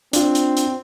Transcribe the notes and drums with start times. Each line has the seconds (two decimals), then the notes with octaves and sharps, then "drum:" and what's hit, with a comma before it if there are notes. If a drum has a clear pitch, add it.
0.13 C4 D4 F4, drum: hi-hat
0.35 drum: hi-hat
0.57 drum: hi-hat